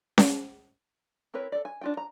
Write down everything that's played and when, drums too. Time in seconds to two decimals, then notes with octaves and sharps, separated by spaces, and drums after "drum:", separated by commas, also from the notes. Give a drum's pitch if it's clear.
0.18 drum: snare C#4
1.34 C4 E4 A#4 B4 C#5
1.52 A4 D5
1.65 G#5
1.81 D4 F4 G5
1.97 A#5